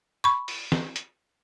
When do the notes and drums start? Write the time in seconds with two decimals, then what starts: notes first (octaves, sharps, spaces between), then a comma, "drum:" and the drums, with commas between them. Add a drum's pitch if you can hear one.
0.24 B5 C#6
0.48 drum: open hi-hat
0.72 drum: snare
0.96 drum: hi-hat